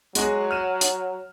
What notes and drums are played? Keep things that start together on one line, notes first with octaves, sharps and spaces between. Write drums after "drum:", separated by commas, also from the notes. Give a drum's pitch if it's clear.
F#3 G#3 F#4 G#4, drum: hi-hat
F6 D#7 E7
drum: hi-hat